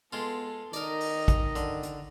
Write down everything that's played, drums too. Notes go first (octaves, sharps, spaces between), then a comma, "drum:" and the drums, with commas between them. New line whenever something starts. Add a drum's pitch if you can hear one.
G#3 B3 F4 A4
D#3 A#4 D5 D#5 A#5, drum: hi-hat
drum: open hi-hat
drum: kick, hi-hat
D3, drum: hi-hat
drum: hi-hat